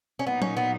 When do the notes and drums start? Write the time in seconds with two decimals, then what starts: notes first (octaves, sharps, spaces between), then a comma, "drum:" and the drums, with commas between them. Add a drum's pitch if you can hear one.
0.19 C#4
0.27 A#2 F#3 A#3 B3 D#4
0.42 C#4, drum: tom F#3
0.57 B3